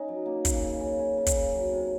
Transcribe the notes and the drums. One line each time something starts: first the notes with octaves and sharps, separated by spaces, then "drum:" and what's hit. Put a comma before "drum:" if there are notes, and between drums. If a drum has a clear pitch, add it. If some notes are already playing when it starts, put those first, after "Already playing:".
Already playing: C#4 D#4
F#3
A#3
C#3, drum: kick, hi-hat
C#3
C#3
C#3
C#3
drum: kick, hi-hat
C#3
F#3
C3